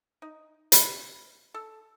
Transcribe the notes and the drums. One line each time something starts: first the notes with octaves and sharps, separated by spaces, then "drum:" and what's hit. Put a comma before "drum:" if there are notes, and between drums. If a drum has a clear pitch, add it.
D#4
B5, drum: hi-hat
A4